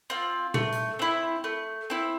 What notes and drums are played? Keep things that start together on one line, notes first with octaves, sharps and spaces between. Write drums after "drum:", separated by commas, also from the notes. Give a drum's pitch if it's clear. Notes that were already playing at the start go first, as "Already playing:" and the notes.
C4 F4
A3, drum: tom A#2
drum: hi-hat
C4 E4
A3
C4 E4